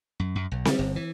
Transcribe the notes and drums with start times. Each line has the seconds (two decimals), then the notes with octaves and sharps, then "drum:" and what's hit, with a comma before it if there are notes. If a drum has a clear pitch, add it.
0.20 F#2
0.35 F#2
0.52 B1
0.65 G3, drum: snare C4
0.79 G1
0.96 E3